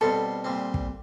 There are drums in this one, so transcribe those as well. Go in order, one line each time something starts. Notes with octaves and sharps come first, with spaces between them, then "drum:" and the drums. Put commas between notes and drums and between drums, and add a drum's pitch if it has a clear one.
B2 G3 C4 F4 A4
A#2 G3 C4
drum: kick